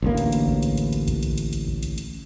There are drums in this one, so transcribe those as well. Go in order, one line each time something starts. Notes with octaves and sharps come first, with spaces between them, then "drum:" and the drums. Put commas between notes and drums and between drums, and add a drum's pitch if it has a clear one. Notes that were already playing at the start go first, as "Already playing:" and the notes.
A1 D2 A#3
drum: hi-hat
drum: hi-hat
drum: kick B1
drum: hi-hat
drum: hi-hat
drum: hi-hat
drum: kick B1, hi-hat
drum: hi-hat
drum: hi-hat
drum: hi-hat
drum: kick B1
drum: hi-hat
drum: hi-hat